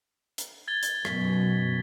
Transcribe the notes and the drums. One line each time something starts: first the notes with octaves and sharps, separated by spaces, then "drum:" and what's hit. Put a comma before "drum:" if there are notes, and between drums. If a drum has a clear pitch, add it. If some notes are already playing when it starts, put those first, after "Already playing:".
drum: hi-hat
G#6 A6 G7
drum: hi-hat
F#2 B2 B6, drum: rim click